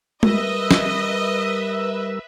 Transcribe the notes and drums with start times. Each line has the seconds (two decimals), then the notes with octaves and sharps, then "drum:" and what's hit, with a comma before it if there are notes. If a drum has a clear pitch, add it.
0.23 G3 A#4 B4 D#5 E5 E6, drum: tom G#3
0.71 drum: snare